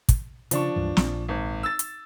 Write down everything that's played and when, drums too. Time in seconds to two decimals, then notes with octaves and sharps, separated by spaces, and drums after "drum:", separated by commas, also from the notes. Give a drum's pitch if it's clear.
0.09 drum: kick, hi-hat
0.51 C#3 F3 D4 C#6, drum: hi-hat
0.76 C#2 G2 E3
0.97 A#1, drum: snare
1.29 G#1
1.63 E6 A6
1.79 drum: hi-hat